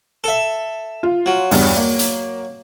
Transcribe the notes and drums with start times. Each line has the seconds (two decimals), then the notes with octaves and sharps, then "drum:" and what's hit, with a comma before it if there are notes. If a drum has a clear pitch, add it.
0.24 A4 E5
1.03 F4
1.26 F#3
1.51 E2 G2, drum: open hi-hat
1.76 A#3
1.99 drum: hi-hat